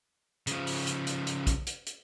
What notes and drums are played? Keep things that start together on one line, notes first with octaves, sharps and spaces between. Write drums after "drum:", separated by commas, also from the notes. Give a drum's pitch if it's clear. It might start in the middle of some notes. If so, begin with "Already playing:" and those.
C#3 F3, drum: hi-hat
drum: open hi-hat
drum: hi-hat
drum: hi-hat
drum: hi-hat
drum: kick, hi-hat
drum: hi-hat
drum: hi-hat